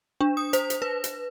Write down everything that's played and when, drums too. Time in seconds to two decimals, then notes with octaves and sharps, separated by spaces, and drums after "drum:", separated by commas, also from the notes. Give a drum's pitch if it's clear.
0.21 D4
0.37 D#6
0.53 C5, drum: hi-hat
0.70 drum: hi-hat
0.82 B4
1.04 drum: hi-hat